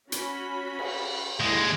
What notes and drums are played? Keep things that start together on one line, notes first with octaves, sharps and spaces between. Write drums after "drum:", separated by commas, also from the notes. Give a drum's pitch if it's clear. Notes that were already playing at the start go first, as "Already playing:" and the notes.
C#4 F#4 B5, drum: hi-hat
drum: cymbal
D#2 D3 G#3 E4 C6